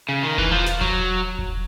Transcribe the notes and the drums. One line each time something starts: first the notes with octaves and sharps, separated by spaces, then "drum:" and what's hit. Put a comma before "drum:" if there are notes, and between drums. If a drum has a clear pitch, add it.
C#3
D#3
E3, drum: kick E1
F3
drum: snare
F#3, drum: kick E1
drum: kick E1